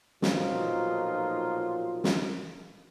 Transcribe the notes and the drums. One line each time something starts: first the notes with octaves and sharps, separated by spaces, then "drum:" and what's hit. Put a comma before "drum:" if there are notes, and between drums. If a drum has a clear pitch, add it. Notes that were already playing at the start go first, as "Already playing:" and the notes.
B1 A#2 F3 F#3 D#4 F4, drum: snare
drum: snare